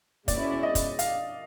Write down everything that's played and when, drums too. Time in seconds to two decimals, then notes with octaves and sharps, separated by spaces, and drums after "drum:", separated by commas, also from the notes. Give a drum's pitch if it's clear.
0.28 B2 G#3 C#4 E4 D5, drum: kick, hi-hat
0.63 D#5
0.75 drum: kick, hi-hat
0.99 F5, drum: hi-hat